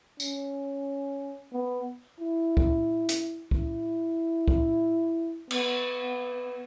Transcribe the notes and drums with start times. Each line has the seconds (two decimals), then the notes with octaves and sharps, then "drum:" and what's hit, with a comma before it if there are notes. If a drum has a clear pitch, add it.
0.20 C#4, drum: tambourine
1.53 B3
2.20 E4
2.57 drum: kick
3.09 drum: hi-hat
3.51 E4, drum: kick
4.48 drum: kick
5.51 B3, drum: cymbal